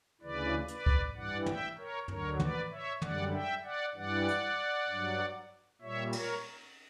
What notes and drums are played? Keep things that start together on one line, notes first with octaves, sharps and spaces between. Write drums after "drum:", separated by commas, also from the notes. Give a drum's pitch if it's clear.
D2 C#3 E3 B4 D5
B4 D5, drum: hi-hat
drum: kick
G2 E3 G3 D5 F#5
E5 G5, drum: tom
A#4 C#5
D2 D3 F#3 A#4 C#5, drum: tom
B4 D5, drum: tom
C#5 E5
F#2 D3 G3 D5 F#5, drum: tom
E5 G5
D5 F#5
G2 E3 G3 D5 F#5
drum: hi-hat
G2 F#3
A#2 G3 C#5 E5
A#4 C#5, drum: cymbal